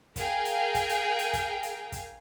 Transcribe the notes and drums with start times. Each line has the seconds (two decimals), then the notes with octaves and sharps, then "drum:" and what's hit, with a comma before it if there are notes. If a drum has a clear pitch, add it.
0.16 G#4 A#4 F5 G5, drum: kick, hi-hat
0.45 drum: hi-hat
0.75 drum: kick, hi-hat
0.89 drum: hi-hat
1.19 drum: hi-hat
1.33 drum: kick, hi-hat
1.63 drum: hi-hat
1.92 drum: kick, hi-hat